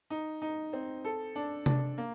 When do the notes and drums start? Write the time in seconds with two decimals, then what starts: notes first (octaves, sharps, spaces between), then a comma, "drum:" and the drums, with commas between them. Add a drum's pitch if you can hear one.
0.10 D#4
0.42 D#4
0.73 C4
1.05 A4
1.35 D4
1.66 D4, drum: tom C3
1.98 A#3